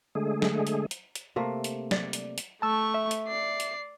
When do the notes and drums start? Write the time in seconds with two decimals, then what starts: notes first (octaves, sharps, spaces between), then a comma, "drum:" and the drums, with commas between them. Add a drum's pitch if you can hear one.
0.15 D3 G#3 A3 G#4
0.42 drum: snare
0.67 drum: hi-hat
0.91 drum: hi-hat
1.15 drum: hi-hat
1.36 C3 A3 A#3
1.64 drum: hi-hat
1.91 D5, drum: snare
2.13 drum: hi-hat
2.38 drum: hi-hat
2.62 A3 A5 C#6 E6
2.94 E5
3.11 drum: hi-hat
3.28 D5 C7
3.60 drum: hi-hat